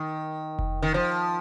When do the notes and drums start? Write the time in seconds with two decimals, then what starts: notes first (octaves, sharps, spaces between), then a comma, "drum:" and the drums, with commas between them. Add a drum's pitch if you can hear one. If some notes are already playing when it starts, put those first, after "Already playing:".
Already playing: D#3
0.59 drum: kick F1
0.82 D#3
0.94 F3